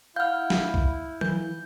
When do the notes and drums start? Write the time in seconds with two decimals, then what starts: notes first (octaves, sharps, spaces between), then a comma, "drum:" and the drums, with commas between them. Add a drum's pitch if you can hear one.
0.16 E4 F5 F#5 F6 G6
0.50 drum: snare
0.74 drum: kick
1.21 E3 G6, drum: tom F#3